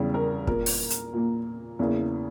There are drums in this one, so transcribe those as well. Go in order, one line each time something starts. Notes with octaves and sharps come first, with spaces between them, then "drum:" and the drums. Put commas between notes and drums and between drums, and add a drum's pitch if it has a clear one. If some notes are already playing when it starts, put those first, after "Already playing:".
Already playing: E2 C#3 G3
A#4
A#2 A#3 A#4, drum: kick
drum: open hi-hat
drum: hi-hat
A#2 A#3
E2 C#3 E3 A#3